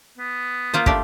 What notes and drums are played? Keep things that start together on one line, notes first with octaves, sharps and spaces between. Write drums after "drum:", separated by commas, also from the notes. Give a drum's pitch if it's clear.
B3
A#3 F4 C5
A3 D4 G4, drum: kick